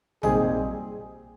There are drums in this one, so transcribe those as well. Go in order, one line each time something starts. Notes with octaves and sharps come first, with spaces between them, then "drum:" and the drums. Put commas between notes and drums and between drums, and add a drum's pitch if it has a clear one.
A#2 G3 C4 D#4 G#4, drum: tom A#1